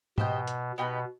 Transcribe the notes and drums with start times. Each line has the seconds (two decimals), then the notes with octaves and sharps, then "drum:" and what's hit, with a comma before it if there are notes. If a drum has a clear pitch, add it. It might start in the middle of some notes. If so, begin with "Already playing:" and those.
0.18 B2 G4 C5 D#5 G5, drum: tom G#2
0.47 drum: hi-hat
0.78 B2 B3 D#4 G4 B4